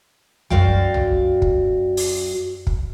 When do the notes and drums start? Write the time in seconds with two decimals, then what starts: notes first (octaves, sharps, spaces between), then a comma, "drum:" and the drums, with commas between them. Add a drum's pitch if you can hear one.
0.50 F#2 F#4 D5 F5 G5, drum: tom A1
0.94 drum: tom A1
1.42 drum: kick
1.97 drum: open hi-hat
2.67 drum: kick